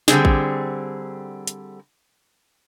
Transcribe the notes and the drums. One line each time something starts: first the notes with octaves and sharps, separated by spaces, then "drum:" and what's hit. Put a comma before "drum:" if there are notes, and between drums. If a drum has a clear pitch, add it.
D3 G3 C4 G#4, drum: snare
drum: kick A1
drum: hi-hat